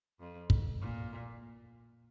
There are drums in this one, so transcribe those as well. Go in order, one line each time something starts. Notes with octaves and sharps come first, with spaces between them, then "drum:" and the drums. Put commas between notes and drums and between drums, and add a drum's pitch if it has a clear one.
F2
drum: kick
A#2